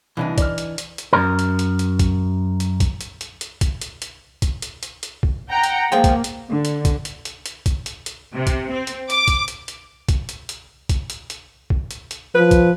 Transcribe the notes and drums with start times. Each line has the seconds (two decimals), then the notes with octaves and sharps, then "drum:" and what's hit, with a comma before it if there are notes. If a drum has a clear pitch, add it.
0.17 C2 E3 D4 D#4
0.38 D5 F6, drum: kick, hi-hat
0.58 drum: hi-hat
0.78 drum: hi-hat
0.98 drum: hi-hat
1.13 F#2 A#2 A#4
1.39 drum: hi-hat
1.59 drum: hi-hat
1.79 drum: hi-hat
1.99 drum: kick, hi-hat
2.60 drum: hi-hat
2.80 drum: kick, hi-hat
3.01 drum: hi-hat
3.21 drum: hi-hat
3.41 drum: hi-hat
3.61 drum: kick, hi-hat
3.81 drum: hi-hat
4.02 drum: hi-hat
4.42 drum: kick, hi-hat
4.62 drum: hi-hat
4.83 drum: hi-hat
5.03 drum: hi-hat
5.23 drum: kick
5.50 F#5 G5 A#5
5.64 drum: hi-hat
5.92 F3 G#3 A#3 G5
6.04 drum: kick, hi-hat
6.24 drum: hi-hat
6.49 D3
6.65 drum: hi-hat
6.85 drum: kick, hi-hat
7.05 drum: hi-hat
7.25 drum: hi-hat
7.46 drum: hi-hat
7.66 drum: kick, hi-hat
7.86 drum: hi-hat
8.06 drum: hi-hat
8.34 C3
8.47 drum: kick, hi-hat
8.70 C4
8.87 drum: hi-hat
9.10 D6, drum: hi-hat
9.28 drum: kick, hi-hat
9.48 drum: hi-hat
9.68 drum: hi-hat
10.09 drum: kick, hi-hat
10.29 drum: hi-hat
10.49 drum: hi-hat
10.89 drum: kick, hi-hat
11.10 drum: hi-hat
11.30 drum: hi-hat
11.70 drum: kick
11.91 drum: hi-hat
12.11 drum: hi-hat
12.35 F3 B4
12.51 drum: kick, hi-hat